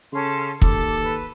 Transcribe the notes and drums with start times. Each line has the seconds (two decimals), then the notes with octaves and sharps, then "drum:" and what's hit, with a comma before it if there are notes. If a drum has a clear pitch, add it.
0.12 C#3 C#4 A4 C6
0.62 D#2 A4 D6, drum: kick
1.02 B4